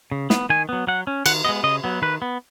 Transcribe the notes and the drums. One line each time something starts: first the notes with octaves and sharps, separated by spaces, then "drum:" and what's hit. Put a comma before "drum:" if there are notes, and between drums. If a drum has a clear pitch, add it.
C#3
B3, drum: snare
D#3 G#5
F#3 B3
F#3 F#5
C#4
D#3 F#5, drum: cymbal
G#3 B3 D#5
C#3 D#5
F#3 B3
D#3 B4
B3